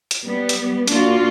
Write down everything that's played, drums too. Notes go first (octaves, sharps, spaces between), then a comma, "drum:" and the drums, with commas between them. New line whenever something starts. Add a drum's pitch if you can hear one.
drum: hi-hat
G3 B3
drum: hi-hat
A#3 D4 F4 F#4, drum: hi-hat